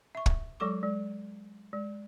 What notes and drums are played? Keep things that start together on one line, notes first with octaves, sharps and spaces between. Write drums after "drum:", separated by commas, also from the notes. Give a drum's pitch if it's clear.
E5 C#6
drum: kick
F#3 G#3 A4 C#6 D6
G#3
G#3